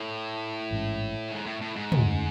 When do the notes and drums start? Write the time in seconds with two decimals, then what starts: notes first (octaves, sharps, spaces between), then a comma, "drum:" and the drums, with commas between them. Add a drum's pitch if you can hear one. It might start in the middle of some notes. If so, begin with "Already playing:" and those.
Already playing: A2
0.71 A1 G#2 G#3 C#4
1.31 G#2
1.46 A2
1.61 A2
1.76 G#2
1.92 E2 D3 A3 C#4, drum: tom